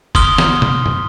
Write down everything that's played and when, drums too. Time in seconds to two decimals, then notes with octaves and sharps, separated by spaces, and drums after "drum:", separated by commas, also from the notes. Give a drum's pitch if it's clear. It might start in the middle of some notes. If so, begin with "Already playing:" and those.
0.15 C6 D#6 F6 G7, drum: kick, cymbal
0.38 drum: snare
0.62 drum: tom
0.86 drum: tom